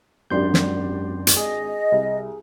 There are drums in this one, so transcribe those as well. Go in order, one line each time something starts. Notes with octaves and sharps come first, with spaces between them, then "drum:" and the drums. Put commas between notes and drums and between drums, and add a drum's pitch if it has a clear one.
G#1 F#2 D4 G4 C6 G6
drum: snare
drum: hi-hat
G#4 D#5
C2